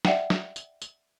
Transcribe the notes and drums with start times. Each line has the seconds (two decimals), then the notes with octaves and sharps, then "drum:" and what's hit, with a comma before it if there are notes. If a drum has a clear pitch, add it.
0.05 D5 E5 F#5 G5, drum: snare
0.30 drum: snare
0.56 drum: tambourine
0.82 drum: tambourine